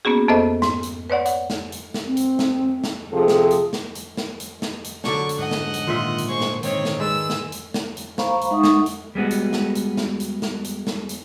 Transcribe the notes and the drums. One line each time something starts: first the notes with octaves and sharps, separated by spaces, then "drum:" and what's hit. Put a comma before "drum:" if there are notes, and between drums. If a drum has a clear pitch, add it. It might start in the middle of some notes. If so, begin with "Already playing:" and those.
A#3 B3 C#4 F#4 G#4
F2 B3 A4 C5 D#5 E5
G#2, drum: snare
drum: hi-hat
B4 C#5 D5 F#5
F#5, drum: hi-hat
drum: snare
drum: hi-hat
drum: snare
C4
drum: hi-hat
drum: snare
drum: snare
C3 F3 G#4 A4
drum: snare
drum: hi-hat
drum: snare
drum: hi-hat
drum: snare
drum: hi-hat
drum: snare
drum: hi-hat
D3 F#3 D4 C#6 D6, drum: snare
drum: hi-hat
G#2 D#5 F#5
drum: snare
drum: hi-hat
A#2 D#3 F4 E5
drum: hi-hat
G#3 C5 C#6
drum: snare
D#3 C4 C#5, drum: hi-hat
drum: snare
G#3 B4 D5 E6
drum: snare
drum: hi-hat
drum: snare
drum: hi-hat
C5 F5 A#5 B5 C#6, drum: snare
drum: hi-hat
G#3 D#4 E5 F#5 C#6 D#6
drum: snare
drum: hi-hat
G3 G#3 B3 F#4
drum: hi-hat
drum: snare
drum: hi-hat
drum: snare
drum: hi-hat
drum: snare
drum: hi-hat
drum: snare
drum: hi-hat